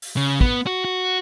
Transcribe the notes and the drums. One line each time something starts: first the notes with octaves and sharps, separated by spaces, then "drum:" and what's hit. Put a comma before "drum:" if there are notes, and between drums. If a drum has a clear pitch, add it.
drum: open hi-hat
C#3
B3, drum: kick
F#4
F#4